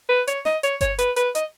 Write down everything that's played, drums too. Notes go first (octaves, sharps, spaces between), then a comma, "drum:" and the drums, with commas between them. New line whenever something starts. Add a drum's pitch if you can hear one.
B4
C#5, drum: hi-hat
D#5, drum: snare
C#5, drum: hi-hat
C#5, drum: kick G1, hi-hat
B4, drum: hi-hat
B4, drum: hi-hat
D#5, drum: hi-hat